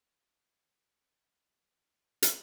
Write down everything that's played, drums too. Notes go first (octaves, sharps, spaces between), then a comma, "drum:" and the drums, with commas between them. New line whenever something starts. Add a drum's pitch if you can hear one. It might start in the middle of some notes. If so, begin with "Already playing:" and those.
C2 C4 C#5 C#6
drum: hi-hat